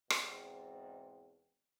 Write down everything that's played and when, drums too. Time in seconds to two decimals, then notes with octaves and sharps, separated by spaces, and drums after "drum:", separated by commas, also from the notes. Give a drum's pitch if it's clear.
0.10 E2 G#2 B2 C4, drum: rim click